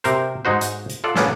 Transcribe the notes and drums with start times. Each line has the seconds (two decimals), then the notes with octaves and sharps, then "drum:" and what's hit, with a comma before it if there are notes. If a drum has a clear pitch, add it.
0.04 C3 A#4 C5, drum: hi-hat
0.45 G#2 G#3 D#4 F#4 C5
0.61 drum: hi-hat
0.89 drum: hi-hat
1.04 F4 A4 D5 F#5
1.16 A#3 B3 C#4 D4 F#4 A4, drum: snare